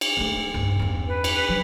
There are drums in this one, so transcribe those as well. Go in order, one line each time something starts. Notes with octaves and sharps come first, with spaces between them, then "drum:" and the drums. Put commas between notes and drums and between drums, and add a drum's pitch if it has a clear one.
drum: cymbal
A3 B3
C2 G2
E2 C#4
B4
drum: cymbal
F3 F#3 B4